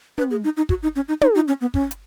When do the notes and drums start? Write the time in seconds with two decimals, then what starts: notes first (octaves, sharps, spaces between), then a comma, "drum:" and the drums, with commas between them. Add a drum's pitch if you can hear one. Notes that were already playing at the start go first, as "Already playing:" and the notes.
0.18 B4, drum: tom
0.31 G#4
0.44 D#4
0.57 D#4
0.69 F#4, drum: kick
0.83 D#4
0.96 C#4
1.08 D#4
1.21 D#4, drum: tom
1.35 D#4
1.48 C#4
1.61 B3
1.74 C#4, drum: kick
1.91 drum: hi-hat